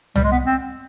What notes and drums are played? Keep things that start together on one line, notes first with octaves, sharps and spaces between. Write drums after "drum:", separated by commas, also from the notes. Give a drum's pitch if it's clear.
G3, drum: tom C2
G#3
B3
C4